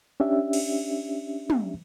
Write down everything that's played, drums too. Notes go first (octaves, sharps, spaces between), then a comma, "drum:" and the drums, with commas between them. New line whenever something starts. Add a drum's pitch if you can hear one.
C#4 D4 G4 E5
drum: cymbal
drum: tom